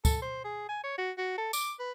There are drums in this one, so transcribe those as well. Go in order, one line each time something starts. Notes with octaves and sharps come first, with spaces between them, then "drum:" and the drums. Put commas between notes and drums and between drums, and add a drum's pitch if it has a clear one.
A4, drum: kick, tambourine
C5
G#4
G#5
C#5
F#4
F#4
A4
D6, drum: tambourine
B4